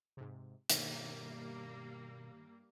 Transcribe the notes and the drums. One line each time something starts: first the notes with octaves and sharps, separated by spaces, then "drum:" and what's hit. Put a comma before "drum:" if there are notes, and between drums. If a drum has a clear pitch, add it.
G#2 C3
G2 B2 D#3 G3 A#3, drum: hi-hat